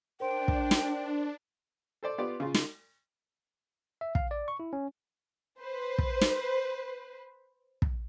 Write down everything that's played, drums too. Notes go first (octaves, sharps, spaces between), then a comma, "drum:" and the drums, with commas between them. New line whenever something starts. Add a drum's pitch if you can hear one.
D4 A#4 C5 G5 C6
drum: kick
drum: snare
A4 C5 D5
B3 F4 G4 D5
C#3 F4
drum: snare
E5
F5, drum: kick
D5
C#6
E4
C#4
B4 C5
drum: kick
drum: snare
drum: kick